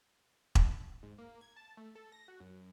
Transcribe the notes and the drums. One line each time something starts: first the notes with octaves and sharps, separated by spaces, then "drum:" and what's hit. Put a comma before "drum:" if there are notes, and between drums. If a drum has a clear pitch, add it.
drum: kick E1
G#2
A#3
G#6
A5
A3
A4
A#6
F#4
F#2